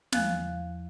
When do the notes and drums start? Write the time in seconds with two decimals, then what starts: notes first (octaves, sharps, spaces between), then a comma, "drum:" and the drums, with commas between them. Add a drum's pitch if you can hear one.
0.12 E2 F3 F5 G#5 F#6 A6, drum: snare